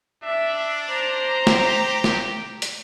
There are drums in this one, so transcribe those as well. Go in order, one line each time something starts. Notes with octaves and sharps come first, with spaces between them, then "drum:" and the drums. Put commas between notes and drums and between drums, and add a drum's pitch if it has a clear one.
D4 E5
C5 A#5
G4, drum: snare
drum: snare
drum: hi-hat